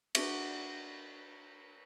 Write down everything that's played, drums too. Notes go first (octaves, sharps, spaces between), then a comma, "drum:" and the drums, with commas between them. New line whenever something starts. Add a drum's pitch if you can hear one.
D4 F#4 E5, drum: cymbal